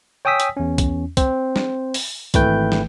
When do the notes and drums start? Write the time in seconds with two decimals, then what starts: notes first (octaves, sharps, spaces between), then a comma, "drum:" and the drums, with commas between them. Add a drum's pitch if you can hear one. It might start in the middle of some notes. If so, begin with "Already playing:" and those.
0.25 C#5 G5 G#5 D#6 E6 B6
0.40 drum: hi-hat
0.57 E2 C#4
0.78 drum: kick C2, hi-hat
1.17 C4 C5, drum: kick C2, hi-hat
1.56 drum: snare
1.94 drum: open hi-hat
2.34 G#1 E3 A3 B4 G5 G6, drum: kick C2, hi-hat
2.72 drum: snare